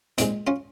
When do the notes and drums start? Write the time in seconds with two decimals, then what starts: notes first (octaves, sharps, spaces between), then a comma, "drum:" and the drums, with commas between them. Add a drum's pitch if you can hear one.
0.18 A#2 G#3 C4 D#4, drum: hi-hat
0.47 C#4 F4